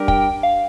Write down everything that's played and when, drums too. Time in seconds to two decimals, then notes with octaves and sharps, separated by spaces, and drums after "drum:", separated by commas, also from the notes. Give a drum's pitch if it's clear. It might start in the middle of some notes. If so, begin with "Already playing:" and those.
Already playing: G3 D4 G4 A#4
0.08 G5, drum: kick
0.43 F5